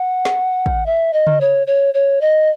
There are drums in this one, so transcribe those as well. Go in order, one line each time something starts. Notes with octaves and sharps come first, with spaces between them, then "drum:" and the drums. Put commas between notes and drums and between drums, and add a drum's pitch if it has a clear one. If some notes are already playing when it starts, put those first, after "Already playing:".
Already playing: F#5
drum: snare
drum: kick
E5
D#5
drum: tom C#3
C#5
C#5
C#5
D#5